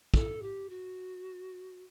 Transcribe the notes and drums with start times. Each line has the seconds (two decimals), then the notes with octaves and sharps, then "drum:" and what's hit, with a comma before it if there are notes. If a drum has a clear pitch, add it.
0.14 A4, drum: kick
0.42 G4
0.69 F#4